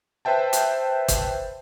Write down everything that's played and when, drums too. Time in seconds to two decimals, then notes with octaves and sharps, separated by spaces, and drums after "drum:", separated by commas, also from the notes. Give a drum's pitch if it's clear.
0.25 B4 C5 E5 G5 A5
0.53 drum: hi-hat
1.08 drum: kick, hi-hat